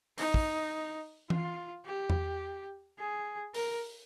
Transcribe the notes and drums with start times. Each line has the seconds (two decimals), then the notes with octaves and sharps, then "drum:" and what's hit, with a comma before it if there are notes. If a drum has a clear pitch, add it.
0.18 D#4, drum: open hi-hat
0.34 drum: kick
1.30 F4, drum: tom E3
1.86 G4
2.10 drum: tom E2
2.99 G#4
3.54 A#4, drum: open hi-hat